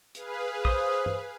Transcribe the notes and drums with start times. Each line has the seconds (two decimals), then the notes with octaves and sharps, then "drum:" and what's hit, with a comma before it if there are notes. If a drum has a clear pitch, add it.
0.15 G#4 B4 F5, drum: hi-hat
0.65 C5 D#6, drum: kick
1.06 drum: tom